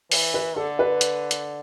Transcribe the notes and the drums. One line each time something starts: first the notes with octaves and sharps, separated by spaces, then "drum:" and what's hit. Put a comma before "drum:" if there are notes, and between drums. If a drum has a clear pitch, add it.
E3, drum: open hi-hat
B4
D3 A4
B4
drum: hi-hat
drum: hi-hat